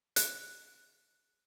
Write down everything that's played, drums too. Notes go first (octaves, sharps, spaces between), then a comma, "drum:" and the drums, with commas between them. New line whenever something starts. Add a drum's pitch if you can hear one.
F#6, drum: hi-hat